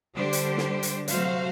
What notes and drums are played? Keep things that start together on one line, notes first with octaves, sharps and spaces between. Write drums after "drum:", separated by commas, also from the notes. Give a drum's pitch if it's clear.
D3 G3 D4 G4 C5
drum: hi-hat
drum: snare
drum: hi-hat
C3 F#3 A3 F#4 C5 F5, drum: hi-hat